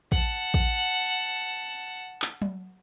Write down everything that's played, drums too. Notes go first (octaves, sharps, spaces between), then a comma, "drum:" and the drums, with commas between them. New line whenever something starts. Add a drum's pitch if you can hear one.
F#5 A5, drum: kick
drum: kick
drum: open hi-hat
drum: clap
drum: tom F#3